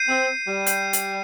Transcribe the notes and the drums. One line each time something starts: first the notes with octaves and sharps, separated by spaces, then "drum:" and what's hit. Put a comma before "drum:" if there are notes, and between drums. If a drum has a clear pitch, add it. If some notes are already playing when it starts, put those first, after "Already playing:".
Already playing: G6 C7 D#7
C4
G3
G6 C7 D#7, drum: hi-hat
drum: hi-hat